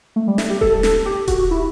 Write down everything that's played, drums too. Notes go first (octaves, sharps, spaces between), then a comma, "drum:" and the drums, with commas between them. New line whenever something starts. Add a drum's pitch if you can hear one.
A3
G3
A3, drum: snare
G4
A4, drum: kick D#1
drum: snare
G4
F#4, drum: kick D#1, hi-hat
E4